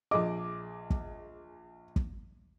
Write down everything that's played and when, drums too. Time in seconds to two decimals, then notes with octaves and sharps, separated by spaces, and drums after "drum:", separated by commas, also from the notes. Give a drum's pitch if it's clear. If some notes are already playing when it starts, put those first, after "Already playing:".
0.11 A#1 G#4 D#5 D6
0.91 drum: kick
1.96 drum: kick